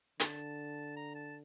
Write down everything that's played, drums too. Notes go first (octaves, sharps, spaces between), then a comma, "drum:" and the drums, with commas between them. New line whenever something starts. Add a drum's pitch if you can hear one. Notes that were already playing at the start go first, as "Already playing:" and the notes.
D3 A5, drum: hi-hat
A#5
A5